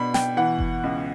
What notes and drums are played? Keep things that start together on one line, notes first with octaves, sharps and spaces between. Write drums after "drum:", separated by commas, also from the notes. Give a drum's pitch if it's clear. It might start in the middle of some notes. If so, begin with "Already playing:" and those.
Already playing: B2 D4 B5
G5, drum: snare
E3 F#5
drum: kick F#1
C#2